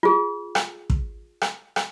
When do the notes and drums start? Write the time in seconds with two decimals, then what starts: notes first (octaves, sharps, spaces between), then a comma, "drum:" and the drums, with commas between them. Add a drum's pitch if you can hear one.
0.03 F4 G#4
0.55 drum: rim click
0.90 drum: kick
1.41 drum: rim click
1.76 drum: rim click